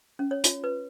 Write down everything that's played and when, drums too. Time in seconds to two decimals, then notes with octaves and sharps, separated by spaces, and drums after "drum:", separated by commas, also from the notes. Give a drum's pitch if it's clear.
0.19 C#4
0.31 C#5
0.44 F4, drum: hi-hat
0.64 B4